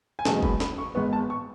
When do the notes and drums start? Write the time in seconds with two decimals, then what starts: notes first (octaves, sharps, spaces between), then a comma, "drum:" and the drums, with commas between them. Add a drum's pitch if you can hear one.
0.19 G#5
0.25 F#1 E2 B2 G#3 A5, drum: snare
0.43 B5, drum: kick
0.60 B5, drum: snare
0.78 C#6
0.95 G#1 G#2 G#3 B3 C#6
1.13 A5
1.30 C#6